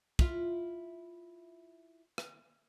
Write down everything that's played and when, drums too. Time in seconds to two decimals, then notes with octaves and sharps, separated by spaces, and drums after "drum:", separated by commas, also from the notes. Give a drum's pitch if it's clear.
0.19 E4 F4, drum: kick
2.18 drum: rim click